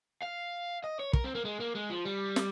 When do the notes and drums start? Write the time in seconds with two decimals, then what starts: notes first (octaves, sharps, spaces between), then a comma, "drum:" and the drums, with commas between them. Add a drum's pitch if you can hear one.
0.23 F5
0.84 D#5
0.99 C#5
1.13 A#4, drum: kick
1.24 C4
1.35 A#3
1.45 G#3
1.60 A#3
1.75 G#3
1.90 F3
2.05 G3
2.36 drum: snare